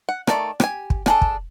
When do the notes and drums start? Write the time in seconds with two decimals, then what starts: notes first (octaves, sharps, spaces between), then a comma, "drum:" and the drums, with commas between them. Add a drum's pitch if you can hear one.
0.09 F#5
0.27 D#3 A3 D5, drum: rim click
0.60 G4 G#5, drum: rim click
0.90 drum: kick
1.06 D4 G#4 A4, drum: rim click
1.22 drum: kick